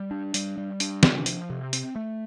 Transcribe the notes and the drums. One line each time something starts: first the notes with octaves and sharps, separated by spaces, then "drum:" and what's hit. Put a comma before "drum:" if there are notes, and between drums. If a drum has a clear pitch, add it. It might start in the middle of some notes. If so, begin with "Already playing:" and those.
Already playing: G3
D4
G3, drum: hi-hat
G3
D4, drum: hi-hat
C3, drum: snare
F3, drum: hi-hat
C3
C4, drum: hi-hat
A3